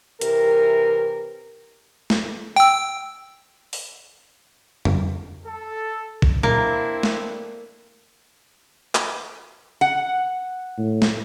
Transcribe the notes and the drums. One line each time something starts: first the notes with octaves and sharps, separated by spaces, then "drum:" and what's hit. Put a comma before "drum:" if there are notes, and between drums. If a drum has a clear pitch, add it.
C3 E3 G4 A#4, drum: hi-hat
drum: snare
G5 E6
drum: open hi-hat
drum: tom F2
A4
drum: kick
A#3 C4 D4 E4, drum: tom A#2
drum: snare
drum: clap
F#5
A2
drum: snare